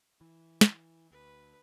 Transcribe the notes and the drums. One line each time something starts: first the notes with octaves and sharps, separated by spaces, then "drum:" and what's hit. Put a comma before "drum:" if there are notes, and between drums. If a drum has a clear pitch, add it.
E3
drum: snare
D2 B4